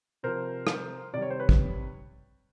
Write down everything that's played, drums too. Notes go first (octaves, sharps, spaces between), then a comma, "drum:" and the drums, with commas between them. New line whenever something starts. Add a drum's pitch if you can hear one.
C3 F3 A#4 C5
drum: rim click
C3 D#3 G3 D5
C#5
C5
B4 C#5
drum: kick